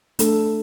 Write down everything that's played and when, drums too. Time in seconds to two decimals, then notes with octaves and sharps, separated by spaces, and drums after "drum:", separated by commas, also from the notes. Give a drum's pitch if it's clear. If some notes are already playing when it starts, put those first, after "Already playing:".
0.19 A3 D4 A4, drum: hi-hat